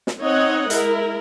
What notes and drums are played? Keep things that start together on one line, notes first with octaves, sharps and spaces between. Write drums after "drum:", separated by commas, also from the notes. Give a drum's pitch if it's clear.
drum: snare
C4 D#4 C#5 D#5 F#5
G#3 E4 A#4, drum: hi-hat